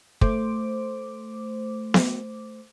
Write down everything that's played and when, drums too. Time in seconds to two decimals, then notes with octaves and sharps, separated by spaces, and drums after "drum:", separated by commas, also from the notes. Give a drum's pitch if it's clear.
0.21 A3 C5 D6, drum: kick
1.94 drum: snare B3